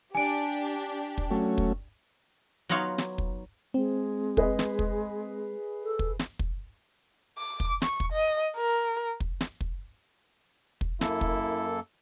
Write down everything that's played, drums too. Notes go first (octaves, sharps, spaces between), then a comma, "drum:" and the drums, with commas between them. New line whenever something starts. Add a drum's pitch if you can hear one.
D4 G4 G#5 D7
drum: kick
F#3 A3 C#4
drum: kick
F#3 B3 D#4 F4 C#5 F5
drum: snare
drum: kick
G#3 C4
G#4 B4 D#5, drum: kick
drum: snare
drum: kick
A4
drum: kick
drum: snare
drum: kick
D6
drum: kick
C#6, drum: snare
drum: kick
D#5
A#4
drum: kick
drum: snare
drum: kick
drum: kick
F#2 A#3 E4 A4, drum: snare
drum: kick